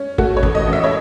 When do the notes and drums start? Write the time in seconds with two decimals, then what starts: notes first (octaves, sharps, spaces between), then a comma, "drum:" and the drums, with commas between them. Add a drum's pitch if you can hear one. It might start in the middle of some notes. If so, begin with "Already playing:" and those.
Already playing: C#4
0.18 A3 F#4, drum: kick
0.37 C#5
0.43 A1, drum: kick
0.55 D#5
0.67 A1
0.73 E5
0.84 C#5